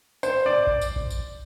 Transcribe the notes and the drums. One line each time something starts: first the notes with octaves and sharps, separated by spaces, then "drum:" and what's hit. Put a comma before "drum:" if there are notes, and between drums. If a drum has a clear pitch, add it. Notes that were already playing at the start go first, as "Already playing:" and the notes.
C5, drum: tambourine
D5
drum: kick A1
drum: tambourine
drum: kick A1
drum: tambourine